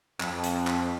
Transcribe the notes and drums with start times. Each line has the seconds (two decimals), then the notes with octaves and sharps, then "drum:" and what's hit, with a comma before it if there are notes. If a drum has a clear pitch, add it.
0.20 F2, drum: clap
0.44 drum: hi-hat
0.67 drum: clap